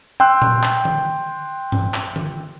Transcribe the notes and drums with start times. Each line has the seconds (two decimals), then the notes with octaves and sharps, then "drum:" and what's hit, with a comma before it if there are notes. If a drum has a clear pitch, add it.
0.20 G5 C6 E6 F#6
0.42 drum: tom A#2
0.63 drum: clap
0.85 drum: tom D3
1.72 drum: tom G2
1.94 drum: clap
2.16 drum: tom D3